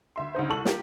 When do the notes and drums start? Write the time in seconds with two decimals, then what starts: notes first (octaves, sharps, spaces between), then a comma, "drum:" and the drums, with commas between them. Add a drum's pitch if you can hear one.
0.16 D2 E5 C6
0.35 D2 C#3 D#4 C5
0.49 C2 A4 A5 C#6 F#7
0.65 F4 G4 A#4, drum: snare